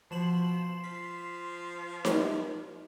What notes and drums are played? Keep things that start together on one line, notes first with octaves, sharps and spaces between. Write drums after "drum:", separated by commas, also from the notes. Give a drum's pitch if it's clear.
B2 F3 C6 E7 F#7
F3 B6
drum: snare D#4